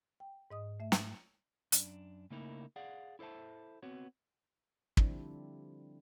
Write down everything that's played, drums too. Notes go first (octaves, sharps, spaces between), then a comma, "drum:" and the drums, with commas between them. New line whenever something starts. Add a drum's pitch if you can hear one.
G5
G#2 D#5 D#6
A3 E5
drum: snare
F#2 D4, drum: hi-hat
C#3 A3 A#3 D#4 E4 A#4
G#4 D5 F5 F#5
E4 A4 C5 E5 A5
B3 C4 F#4 C#5
D3 F3 G3 C4 D4 E4, drum: kick